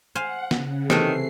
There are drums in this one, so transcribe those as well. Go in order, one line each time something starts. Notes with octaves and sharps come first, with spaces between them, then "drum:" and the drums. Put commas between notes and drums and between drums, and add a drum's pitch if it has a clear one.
C5 F5 F#5 G#5
C#3, drum: snare
C3 D#3 E3 A3 C7, drum: snare